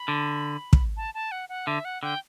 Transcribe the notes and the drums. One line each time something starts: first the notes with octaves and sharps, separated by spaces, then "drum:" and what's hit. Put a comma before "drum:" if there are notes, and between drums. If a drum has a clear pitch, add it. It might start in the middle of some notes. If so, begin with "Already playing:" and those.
Already playing: B5
D3
drum: kick
A5
A5
F#5
F#5
D3 E5
F#5
D3 G5